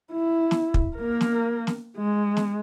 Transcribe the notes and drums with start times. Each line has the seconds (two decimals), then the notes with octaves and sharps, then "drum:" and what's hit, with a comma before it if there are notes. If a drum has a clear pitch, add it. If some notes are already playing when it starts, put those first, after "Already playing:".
0.12 E4
0.51 drum: snare
0.74 drum: kick
0.97 A#3 A#4
1.21 drum: snare
1.67 drum: snare
1.97 G#3
2.37 drum: snare